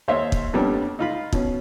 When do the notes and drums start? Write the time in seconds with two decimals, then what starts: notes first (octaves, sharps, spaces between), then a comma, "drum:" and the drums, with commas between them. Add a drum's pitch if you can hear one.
0.08 D#2 C5 C#5 E5
0.32 drum: kick
0.53 F2 A#2 G3 B3 C#4 D4
0.99 D#4 F4 B5
1.33 B2 C#4, drum: kick